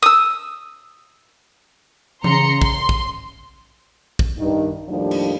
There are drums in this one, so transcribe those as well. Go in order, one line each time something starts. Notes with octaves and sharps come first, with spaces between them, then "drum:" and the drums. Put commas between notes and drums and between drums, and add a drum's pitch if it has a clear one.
D#6 E6
C#3 A#5 C6 C#7, drum: tom E3
C6, drum: kick
drum: kick
drum: kick
G2 D#3
D#2 A2 F3 G3 D4
drum: cymbal